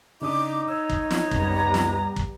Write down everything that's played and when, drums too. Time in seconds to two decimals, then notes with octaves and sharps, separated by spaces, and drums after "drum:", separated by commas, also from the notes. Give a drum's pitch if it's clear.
0.22 C#3 D4 D#4 D6 D#6
0.68 C#5 E6
0.90 drum: kick
1.11 drum: snare
1.31 C#2 F#2 C3 G3 B3 A#5, drum: kick
1.74 drum: snare
2.16 drum: kick